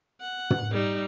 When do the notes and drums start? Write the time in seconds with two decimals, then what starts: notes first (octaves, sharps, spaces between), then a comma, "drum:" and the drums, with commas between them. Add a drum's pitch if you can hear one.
0.21 F#5
0.50 drum: tom
0.72 G3 D#4